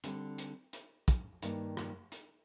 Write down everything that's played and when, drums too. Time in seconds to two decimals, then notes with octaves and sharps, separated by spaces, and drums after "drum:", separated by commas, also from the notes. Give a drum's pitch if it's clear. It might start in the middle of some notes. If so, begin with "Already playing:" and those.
0.04 D3 G3 C4, drum: hi-hat
0.38 drum: hi-hat
0.73 drum: hi-hat
1.08 drum: kick, hi-hat
1.42 G2 D#3 A#3 D#4, drum: hi-hat
1.77 drum: rim click
2.12 drum: hi-hat